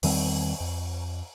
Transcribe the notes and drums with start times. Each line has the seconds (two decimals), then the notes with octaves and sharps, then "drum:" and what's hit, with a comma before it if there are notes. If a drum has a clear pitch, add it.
0.03 E2 D#3 G3 C4, drum: open hi-hat
0.60 F2